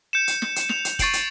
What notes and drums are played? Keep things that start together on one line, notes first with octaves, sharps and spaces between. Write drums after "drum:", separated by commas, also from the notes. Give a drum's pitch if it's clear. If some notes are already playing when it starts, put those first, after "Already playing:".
G6 C#7 E7
drum: hi-hat
drum: snare
drum: hi-hat
E7 F7, drum: snare
drum: hi-hat
C#6 A6 C7 D7 F#7, drum: kick, hi-hat
drum: hi-hat